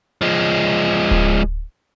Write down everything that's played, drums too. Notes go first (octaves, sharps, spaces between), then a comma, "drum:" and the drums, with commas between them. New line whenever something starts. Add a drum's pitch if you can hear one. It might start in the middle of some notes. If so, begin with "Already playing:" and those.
F3 G#3
drum: kick D1